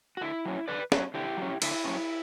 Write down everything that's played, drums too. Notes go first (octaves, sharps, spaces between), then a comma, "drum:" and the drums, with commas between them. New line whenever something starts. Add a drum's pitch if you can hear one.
F#4
D3 E4
F#3 C#4
D3 B4 D5
F#3 C#4, drum: snare
D3 E4 G4
F#3 C#4
D3 E4, drum: cymbal
F#3 C#4